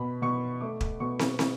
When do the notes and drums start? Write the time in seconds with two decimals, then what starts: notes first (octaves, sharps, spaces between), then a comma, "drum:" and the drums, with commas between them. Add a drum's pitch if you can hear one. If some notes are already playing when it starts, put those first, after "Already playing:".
Already playing: B2 B5
0.22 B2 C#6
0.61 A3 D6
0.81 drum: kick
1.00 B2 C#6
1.19 drum: snare
1.39 drum: snare